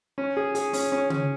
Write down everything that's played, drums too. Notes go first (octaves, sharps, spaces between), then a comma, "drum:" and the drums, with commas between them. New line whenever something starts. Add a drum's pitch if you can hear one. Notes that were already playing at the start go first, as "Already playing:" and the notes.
C#4
G#4
G#4, drum: hi-hat
C#4, drum: open hi-hat
C#4
C#4, drum: tom C#3